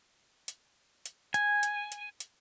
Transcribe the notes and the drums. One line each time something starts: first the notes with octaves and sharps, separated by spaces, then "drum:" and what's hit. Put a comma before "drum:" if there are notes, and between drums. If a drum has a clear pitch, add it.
drum: hi-hat
drum: hi-hat
G#5, drum: hi-hat
drum: hi-hat
drum: hi-hat
drum: hi-hat